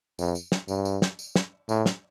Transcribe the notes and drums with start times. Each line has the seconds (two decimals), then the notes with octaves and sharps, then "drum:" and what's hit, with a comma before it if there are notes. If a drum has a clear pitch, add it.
0.19 F2, drum: tambourine
0.35 drum: tambourine
0.52 drum: snare
0.68 G2, drum: tambourine
0.85 drum: tambourine
1.02 drum: snare
1.19 drum: tambourine
1.36 drum: snare
1.69 A2, drum: tambourine
1.86 drum: snare